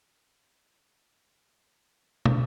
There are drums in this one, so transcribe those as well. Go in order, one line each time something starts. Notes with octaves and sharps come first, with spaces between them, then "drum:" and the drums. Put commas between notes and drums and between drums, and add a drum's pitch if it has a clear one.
A2
C#3
drum: tom